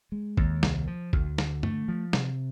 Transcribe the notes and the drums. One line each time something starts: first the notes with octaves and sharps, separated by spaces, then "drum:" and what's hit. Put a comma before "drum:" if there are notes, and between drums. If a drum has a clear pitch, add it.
G#3
D#2, drum: kick
C2, drum: snare
F3
D2, drum: kick
D3, drum: snare
A3, drum: tom
F3
C3, drum: snare